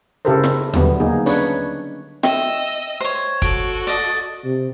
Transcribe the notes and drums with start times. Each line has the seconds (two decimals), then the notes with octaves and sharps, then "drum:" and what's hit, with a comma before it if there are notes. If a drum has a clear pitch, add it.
0.25 C#3 E4 G4 A4 A#4 C5
0.44 drum: snare
0.73 D3 F#3 G3 B3, drum: tom D#2
1.00 A#3 D#4 G#4
1.26 C#4 D4 B4 C#5, drum: open hi-hat
2.23 D#5 E5 G5 E6, drum: snare
3.00 C5 C#5
3.42 F#4 A4 D7, drum: kick
3.87 D5 D#5, drum: hi-hat
4.44 C3